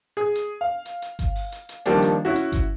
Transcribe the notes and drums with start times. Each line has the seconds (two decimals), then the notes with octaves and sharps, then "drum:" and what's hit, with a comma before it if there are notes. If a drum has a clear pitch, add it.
0.17 G#4 G#5
0.35 drum: hi-hat
0.61 F5
0.85 drum: hi-hat
1.02 drum: hi-hat
1.19 drum: kick G1, hi-hat
1.35 drum: open hi-hat
1.52 drum: hi-hat
1.69 drum: hi-hat
1.86 D#3 F3 G3 A#3 D4, drum: hi-hat
2.02 drum: hi-hat
2.25 C#4 E4 F#4
2.36 drum: hi-hat
2.52 drum: kick G1, hi-hat